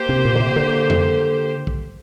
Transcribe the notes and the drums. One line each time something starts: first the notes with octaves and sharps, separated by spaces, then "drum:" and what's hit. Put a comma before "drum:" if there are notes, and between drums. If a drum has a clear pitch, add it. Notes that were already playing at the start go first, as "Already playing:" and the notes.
Already playing: A#3 G4 C5
C3
A#2
D3
C3
D3
drum: tom F2
drum: kick